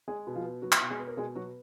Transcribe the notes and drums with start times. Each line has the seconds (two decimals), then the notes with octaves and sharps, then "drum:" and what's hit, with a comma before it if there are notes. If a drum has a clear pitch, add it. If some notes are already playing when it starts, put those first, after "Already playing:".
0.08 G#3 G#4
0.27 B2
0.35 F3 F4
0.45 B3
0.62 F#3 B3 F#4
0.72 drum: clap
0.81 B2
0.90 G#3 G#4
0.99 B3
1.07 A#4
1.17 B2 G#3 G#4
1.35 F#3 B3 F#4